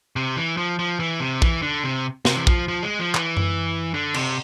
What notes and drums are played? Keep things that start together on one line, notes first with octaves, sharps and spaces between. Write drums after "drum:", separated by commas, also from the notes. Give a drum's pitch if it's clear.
C3
E3
F3
F3
E3
C3
E3, drum: kick
D3
C3
C3, drum: snare
E3
F3, drum: kick
F3
G#3
F3
E3, drum: clap
drum: tom F#2
D3
C3, drum: cymbal